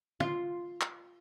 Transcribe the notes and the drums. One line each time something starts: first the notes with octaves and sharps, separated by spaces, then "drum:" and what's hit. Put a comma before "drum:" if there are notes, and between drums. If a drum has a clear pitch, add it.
F4, drum: tom
drum: clap